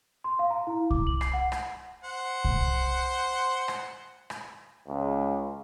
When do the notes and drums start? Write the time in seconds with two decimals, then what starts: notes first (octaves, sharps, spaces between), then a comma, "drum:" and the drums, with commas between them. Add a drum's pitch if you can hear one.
0.24 C6
0.39 F5
0.50 A#5
0.67 E4
0.91 D6, drum: kick C2
1.07 F#7
1.21 C7, drum: rim click
1.33 F#5
1.52 drum: rim click
2.04 C5 F#5
2.44 drum: kick C2
3.68 drum: rim click
4.30 drum: rim click
4.88 C#2